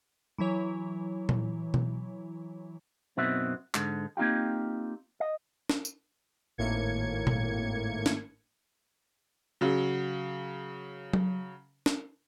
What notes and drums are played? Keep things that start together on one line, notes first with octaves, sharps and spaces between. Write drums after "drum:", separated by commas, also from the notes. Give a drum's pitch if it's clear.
E3 F#3 E4 C#5
drum: tom A#2
drum: tom B2
F#2 B2 C4 D#4 F#4 E5
G#2 D3, drum: clap
A#3 C4 D#4 F4 G4
D#5
drum: snare D4
drum: tambourine
G#1 A2 A#3 G#6 C#7
drum: tom A#2
drum: snare D4
C#3 F#3
drum: tom F#3
drum: snare D4